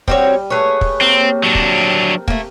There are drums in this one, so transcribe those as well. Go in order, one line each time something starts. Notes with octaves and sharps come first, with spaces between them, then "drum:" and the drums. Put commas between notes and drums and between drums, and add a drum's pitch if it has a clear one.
G3 C4 F#4 C#5, drum: kick
A3 G#4 B4 C#5 C#6
drum: kick
C3 A#3 C4
F#3 D4
drum: kick
A3 A#3, drum: kick